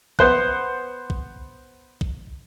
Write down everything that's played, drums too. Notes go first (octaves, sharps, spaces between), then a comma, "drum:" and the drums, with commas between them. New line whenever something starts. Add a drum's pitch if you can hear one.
B3 C5 F#6, drum: kick
drum: kick
drum: kick